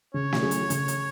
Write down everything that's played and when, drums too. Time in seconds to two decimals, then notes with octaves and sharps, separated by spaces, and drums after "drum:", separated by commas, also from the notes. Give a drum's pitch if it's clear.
0.14 C#3 C#5
0.32 drum: snare
0.42 F#3 C#4 G#4
0.51 drum: hi-hat
0.70 C#3, drum: hi-hat
0.88 drum: hi-hat